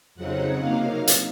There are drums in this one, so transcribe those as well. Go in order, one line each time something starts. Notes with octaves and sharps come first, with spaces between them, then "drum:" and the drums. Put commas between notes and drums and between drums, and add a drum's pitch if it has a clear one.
F2 C#3 F#3 C4 D#4 F#5
C3 F#3 A#3 D#4 F5
drum: hi-hat